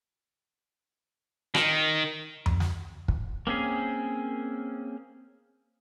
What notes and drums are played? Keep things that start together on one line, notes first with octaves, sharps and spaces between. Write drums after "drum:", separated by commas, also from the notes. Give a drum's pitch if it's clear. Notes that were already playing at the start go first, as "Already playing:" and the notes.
D#3, drum: rim click
drum: tom F2
drum: snare
drum: kick
A#3 C4 C#4 G#4